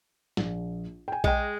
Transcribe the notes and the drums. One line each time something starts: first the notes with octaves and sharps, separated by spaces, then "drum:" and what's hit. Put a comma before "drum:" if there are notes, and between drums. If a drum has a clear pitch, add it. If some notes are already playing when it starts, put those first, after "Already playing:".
A#1, drum: snare
G5 G#5
G#3 D#5 G5, drum: kick B1